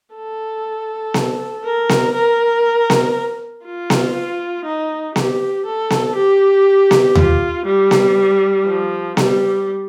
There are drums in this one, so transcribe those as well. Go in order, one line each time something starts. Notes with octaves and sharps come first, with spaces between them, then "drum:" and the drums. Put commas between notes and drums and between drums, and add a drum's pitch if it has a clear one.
A4
drum: snare B3
A#4
drum: snare B3
A#4
drum: snare B3
F4
drum: snare B3
D#4
G4, drum: snare B3
A4
drum: snare B3
G4
drum: snare B3
F4, drum: tom D#2
G3
drum: snare B3
F3
G3, drum: snare B3